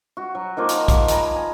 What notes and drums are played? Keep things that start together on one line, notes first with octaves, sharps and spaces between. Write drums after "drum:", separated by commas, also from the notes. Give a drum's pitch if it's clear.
F#4
F#3
D#3 F3 A#3
drum: hi-hat
drum: kick, hi-hat
D#5 G#5 A#5 B5, drum: hi-hat
G#5